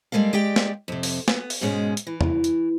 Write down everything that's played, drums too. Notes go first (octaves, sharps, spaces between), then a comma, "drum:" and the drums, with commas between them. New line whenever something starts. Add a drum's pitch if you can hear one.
G3 G#3 A#3 A4 F5
G#3 G4 D5 G5
drum: snare
F2 C3
drum: open hi-hat
B3, drum: snare
drum: open hi-hat
G#2 B2 G#3 C#4
drum: hi-hat
E3
drum: tom
drum: hi-hat